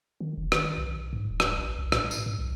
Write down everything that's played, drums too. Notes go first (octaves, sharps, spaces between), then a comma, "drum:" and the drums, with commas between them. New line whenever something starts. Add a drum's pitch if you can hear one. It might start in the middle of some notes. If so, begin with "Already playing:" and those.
D#3
F1
D#3, drum: rim click
B1
G#2
D1
drum: rim click
A1
B1
A2, drum: rim click
drum: tambourine
G#2
B1